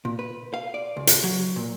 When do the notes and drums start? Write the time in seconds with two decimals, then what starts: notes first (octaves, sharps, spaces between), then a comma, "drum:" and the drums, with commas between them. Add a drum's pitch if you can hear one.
0.05 A#2
0.19 B4
0.54 F5
0.74 D5
0.97 C#2
1.07 drum: hi-hat
1.23 F#3
1.56 A#2